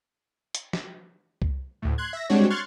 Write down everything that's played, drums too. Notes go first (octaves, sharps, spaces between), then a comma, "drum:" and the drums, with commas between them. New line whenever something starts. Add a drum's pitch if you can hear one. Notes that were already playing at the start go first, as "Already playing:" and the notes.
drum: hi-hat
drum: snare F3
drum: kick C2
D2 A2
C6 F#6 G#6
E5 A#6
G3 G#3 C4 D4 F#4 C#5
C6 C#6 F6 F#6 G#6 A6